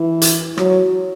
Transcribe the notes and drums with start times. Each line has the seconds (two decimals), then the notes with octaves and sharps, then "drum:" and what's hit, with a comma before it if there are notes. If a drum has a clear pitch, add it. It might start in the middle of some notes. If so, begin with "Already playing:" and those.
Already playing: E3
0.22 drum: hi-hat
0.57 F#3, drum: rim click